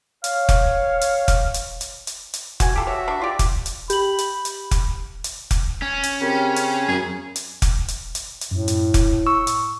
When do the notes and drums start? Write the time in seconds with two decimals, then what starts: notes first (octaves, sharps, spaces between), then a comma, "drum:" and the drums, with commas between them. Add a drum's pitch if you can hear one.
0.24 C#5 F5, drum: hi-hat
0.49 drum: kick F1, hi-hat
1.01 drum: hi-hat
1.28 drum: kick F1, hi-hat
1.54 drum: hi-hat
1.81 drum: hi-hat
2.07 drum: hi-hat
2.34 drum: hi-hat
2.60 F#4 G#5, drum: kick F1, hi-hat
2.76 F4 G4 A4
2.87 F#4 C#5 E5
3.08 D4 C#6
3.21 F4 G4 D5
3.39 drum: kick F1, hi-hat
3.66 drum: hi-hat
3.90 G4 B5 F#7, drum: hi-hat
4.18 drum: hi-hat
4.45 drum: hi-hat
4.71 drum: kick F1, hi-hat
5.24 drum: hi-hat
5.51 drum: kick F1, hi-hat
5.82 C#4
6.03 drum: hi-hat
6.21 C#3 C4 G4 A#4
6.56 drum: hi-hat
6.88 F#2 G#4
7.36 drum: hi-hat
7.62 drum: kick F1, hi-hat
7.88 drum: hi-hat
8.15 drum: hi-hat
8.41 drum: hi-hat
8.51 F#2 A2
8.68 drum: hi-hat
8.94 drum: kick F1, hi-hat
9.26 C#6 E6
9.47 drum: hi-hat